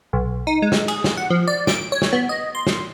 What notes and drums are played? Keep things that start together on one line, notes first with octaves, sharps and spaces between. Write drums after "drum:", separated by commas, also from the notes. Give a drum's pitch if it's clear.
B1
D#4
G#3
drum: snare
G#4, drum: cymbal
drum: snare
F#5
F3
D5
D7, drum: snare
C#5
drum: snare
B3
D#5
C6
drum: snare